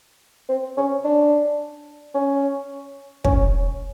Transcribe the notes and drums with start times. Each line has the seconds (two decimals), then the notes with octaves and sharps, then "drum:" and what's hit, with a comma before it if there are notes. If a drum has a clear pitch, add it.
0.49 C4
0.77 C#4
1.05 D4
2.15 C#4
3.25 C#4, drum: kick